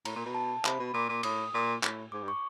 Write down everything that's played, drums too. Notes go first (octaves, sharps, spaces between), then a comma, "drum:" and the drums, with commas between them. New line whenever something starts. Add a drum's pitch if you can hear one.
A2 A#5, drum: cymbal
A#2
B2
A5
C3 B5, drum: clap
B2
A#2 D6
A#2
A2 D#6, drum: cymbal
A#2
A2, drum: clap
G#2 D6
G2
C#6